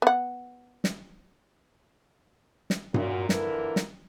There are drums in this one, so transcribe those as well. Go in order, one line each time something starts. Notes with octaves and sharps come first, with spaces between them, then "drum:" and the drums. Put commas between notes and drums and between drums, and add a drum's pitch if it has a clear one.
B3 F#5
drum: snare
drum: snare
F#2 A#2 F#4, drum: tom G2
A#2 D3 E3 E4 A#4, drum: snare
drum: snare